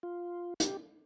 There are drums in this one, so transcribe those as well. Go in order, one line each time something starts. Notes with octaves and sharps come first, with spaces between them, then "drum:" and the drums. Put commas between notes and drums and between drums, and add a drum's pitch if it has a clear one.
F4
G4, drum: hi-hat